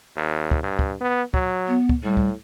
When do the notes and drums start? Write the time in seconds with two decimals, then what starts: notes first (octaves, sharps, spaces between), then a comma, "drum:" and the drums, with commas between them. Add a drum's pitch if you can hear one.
0.16 D#2
0.51 drum: kick
0.63 G2
0.79 drum: kick
1.01 B3
1.34 F#3, drum: kick
1.67 B3
1.89 drum: kick
2.03 A2 G3
2.17 drum: kick